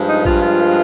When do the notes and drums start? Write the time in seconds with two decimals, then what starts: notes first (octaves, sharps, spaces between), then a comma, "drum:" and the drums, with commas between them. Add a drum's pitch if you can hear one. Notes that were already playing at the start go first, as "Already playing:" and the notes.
Already playing: G2 F3 G#3
0.09 D#4
0.25 F4, drum: kick
0.41 F4